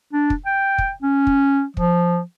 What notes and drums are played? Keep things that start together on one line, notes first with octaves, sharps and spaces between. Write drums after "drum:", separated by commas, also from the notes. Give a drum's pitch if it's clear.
D4
drum: kick
G5
drum: kick
C#4
drum: kick
F3, drum: kick